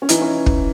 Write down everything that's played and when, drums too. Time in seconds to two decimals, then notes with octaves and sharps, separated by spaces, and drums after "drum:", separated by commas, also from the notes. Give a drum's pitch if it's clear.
0.02 C#4
0.09 E3 D#4, drum: hi-hat
0.21 C#4
0.46 drum: kick